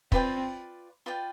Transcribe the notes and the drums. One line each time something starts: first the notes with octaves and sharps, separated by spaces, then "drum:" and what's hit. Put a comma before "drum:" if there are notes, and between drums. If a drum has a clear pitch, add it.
C4 F4 B4 D5 G5, drum: kick
F4 B4 D5 G5